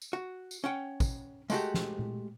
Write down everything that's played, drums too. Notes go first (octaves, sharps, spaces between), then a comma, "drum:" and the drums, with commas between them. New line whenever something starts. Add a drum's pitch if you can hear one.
drum: tambourine
F#4
drum: tambourine
C#4 F#5 G5
drum: kick, tambourine
G#3 A3 F#4 G4, drum: tambourine
drum: snare
drum: tom A#2